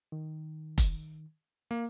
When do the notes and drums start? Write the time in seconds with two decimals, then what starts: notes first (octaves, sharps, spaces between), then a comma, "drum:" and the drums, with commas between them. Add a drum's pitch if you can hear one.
0.12 D#3
0.78 drum: kick F1, hi-hat
1.71 A#3